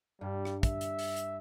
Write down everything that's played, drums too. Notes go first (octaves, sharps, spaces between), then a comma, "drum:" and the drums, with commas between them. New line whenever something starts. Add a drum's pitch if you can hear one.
G2 G3
drum: rim click
E5, drum: kick, hi-hat
drum: hi-hat
drum: open hi-hat
drum: hi-hat